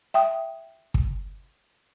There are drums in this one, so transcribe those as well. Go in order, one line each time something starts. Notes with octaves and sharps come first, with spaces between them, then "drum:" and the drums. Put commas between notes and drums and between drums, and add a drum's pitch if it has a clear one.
E5 G5 D#6
drum: kick